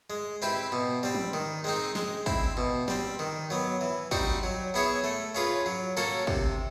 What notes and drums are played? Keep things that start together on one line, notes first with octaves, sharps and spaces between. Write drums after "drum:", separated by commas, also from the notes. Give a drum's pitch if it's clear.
G#3
C4 E4 G4 B4
B2
G3 C4
drum: tom
D#3
G#3 C4 D#4
G#3, drum: snare
C4 E4, drum: kick
B2
G3 C4, drum: snare
D#3
F#3 B3
E3
G3 C4 D#4 F#4, drum: kick
F#3
B3 E4 G#4 C#5
A3
C#4 F4 G#4 B4
F#3
A#3 C#4 F#4 A4
C3, drum: kick